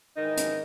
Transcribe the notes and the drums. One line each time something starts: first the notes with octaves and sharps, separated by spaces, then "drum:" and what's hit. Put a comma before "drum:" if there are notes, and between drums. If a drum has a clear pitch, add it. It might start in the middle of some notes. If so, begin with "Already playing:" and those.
G#2 D#3 E3 D#4
drum: hi-hat